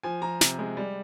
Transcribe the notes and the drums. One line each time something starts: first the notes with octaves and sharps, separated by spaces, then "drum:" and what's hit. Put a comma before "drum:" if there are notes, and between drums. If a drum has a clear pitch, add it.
F3 G#5
F3 A#5
C3, drum: snare
G#3
G3